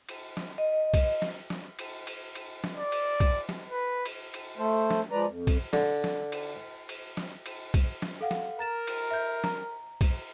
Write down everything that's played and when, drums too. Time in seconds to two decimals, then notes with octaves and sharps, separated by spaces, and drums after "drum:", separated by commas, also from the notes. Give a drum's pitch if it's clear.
0.09 drum: cymbal
0.37 drum: snare
0.58 D#5
0.94 drum: kick, cymbal
1.22 drum: snare
1.50 drum: snare
1.79 drum: cymbal
2.07 drum: cymbal
2.35 drum: cymbal
2.64 drum: snare
2.76 D5
2.92 drum: cymbal
3.20 drum: kick, cymbal
3.49 drum: snare
3.68 B4
4.05 drum: cymbal
4.34 drum: cymbal
4.58 A3 A4 C5
4.90 drum: snare
5.11 F3 G#3 B4 D5 A#5
5.27 F2
5.47 drum: kick, cymbal
5.73 D3, drum: snare
6.04 drum: snare
6.32 drum: cymbal
6.89 drum: cymbal
7.17 drum: snare
7.46 drum: cymbal
7.74 drum: kick, cymbal
8.02 drum: snare
8.21 A4 F5 F#5
8.31 drum: snare
8.59 A#4 A#5 A6 E7
8.87 drum: cymbal
9.11 E5 G6
9.44 A#5, drum: snare
10.01 drum: kick, cymbal